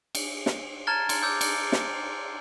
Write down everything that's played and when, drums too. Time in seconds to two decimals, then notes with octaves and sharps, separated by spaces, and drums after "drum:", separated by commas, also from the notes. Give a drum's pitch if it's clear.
0.15 drum: cymbal
0.46 drum: snare
0.87 A5 A#5 F6 G#6 A6 G7
1.09 C6, drum: cymbal
1.23 D6 E6 G6
1.41 drum: cymbal
1.72 drum: snare